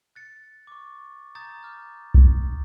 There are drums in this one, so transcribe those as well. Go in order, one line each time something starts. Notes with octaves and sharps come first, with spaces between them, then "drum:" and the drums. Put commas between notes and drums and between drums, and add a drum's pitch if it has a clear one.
F#6 A6 C#7
C#6 D6
A#5 D#6 G6 A6
D6 F6 G6
drum: kick